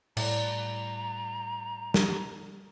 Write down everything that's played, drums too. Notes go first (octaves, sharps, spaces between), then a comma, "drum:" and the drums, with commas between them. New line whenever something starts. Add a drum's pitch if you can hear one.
A2 G3 A#5, drum: cymbal
drum: snare